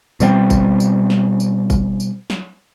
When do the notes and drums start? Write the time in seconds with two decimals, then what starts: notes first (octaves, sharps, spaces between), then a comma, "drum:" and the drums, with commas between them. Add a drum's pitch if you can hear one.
0.20 B2 G3 A#3 C4, drum: tambourine
0.50 drum: kick G1, tambourine
0.80 drum: tambourine
1.10 drum: snare
1.40 drum: tambourine
1.70 drum: kick G1, tambourine
2.00 drum: tambourine
2.30 drum: snare